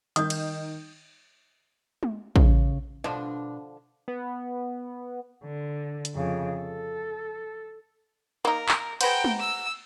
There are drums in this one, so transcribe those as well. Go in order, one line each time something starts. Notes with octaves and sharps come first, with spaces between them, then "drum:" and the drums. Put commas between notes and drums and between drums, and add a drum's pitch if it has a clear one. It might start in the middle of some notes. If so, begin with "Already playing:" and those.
D#3 D#4 D#6 G6, drum: hi-hat
drum: cymbal
drum: tom G#3
C#3, drum: kick
B2 D3 F3 D4 D#5
B3
D3
drum: hi-hat
F2 C#3
A4
A#3 D#4 A#4
drum: clap
F#4 G#4 B4 C5 G5 A#5, drum: cymbal
drum: tom G#3
E6